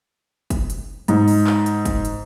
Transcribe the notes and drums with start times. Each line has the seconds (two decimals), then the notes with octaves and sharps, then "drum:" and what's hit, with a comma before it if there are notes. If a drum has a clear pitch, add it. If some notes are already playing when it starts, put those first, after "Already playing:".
0.50 drum: kick, hi-hat
0.70 drum: hi-hat
1.08 G#2, drum: hi-hat
1.28 drum: open hi-hat
1.47 drum: clap
1.66 drum: hi-hat
1.85 drum: kick, hi-hat
2.05 drum: hi-hat